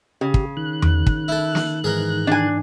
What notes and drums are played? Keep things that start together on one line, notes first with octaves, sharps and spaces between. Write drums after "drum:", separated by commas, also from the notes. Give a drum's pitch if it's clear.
C#3 G4
drum: kick
D#3 F#6
drum: tom E2
drum: kick
E4 A4
drum: snare
G#2 E3 G#4 A#4
D4 G#5